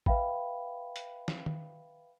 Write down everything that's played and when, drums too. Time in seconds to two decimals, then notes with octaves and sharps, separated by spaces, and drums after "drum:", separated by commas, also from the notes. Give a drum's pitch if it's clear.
0.06 B4 E5 F5 G5 B5, drum: kick A1
0.96 drum: hi-hat
1.28 drum: snare
1.46 drum: tom